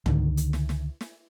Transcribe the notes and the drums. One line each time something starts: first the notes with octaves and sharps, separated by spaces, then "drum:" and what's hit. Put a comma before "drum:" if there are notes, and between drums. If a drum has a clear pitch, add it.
C#2 D3 D#3, drum: tom
drum: hi-hat
drum: snare
drum: snare
drum: snare